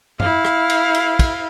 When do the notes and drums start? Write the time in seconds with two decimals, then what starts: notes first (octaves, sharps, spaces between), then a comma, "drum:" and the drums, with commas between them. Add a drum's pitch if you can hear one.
0.20 E4 F5, drum: tom F#2
0.45 drum: rim click
0.70 drum: cymbal
0.94 drum: cymbal
1.19 drum: kick, cymbal